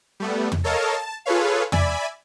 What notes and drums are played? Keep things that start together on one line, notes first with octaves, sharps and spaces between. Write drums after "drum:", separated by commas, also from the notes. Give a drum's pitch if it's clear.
G3 A3 B3
drum: tom
A4 A#4 C#5 D#5 F5 A5
A5
F4 G#4 A4 B4 C#5 F5
D5 E5 G#5 B5, drum: tom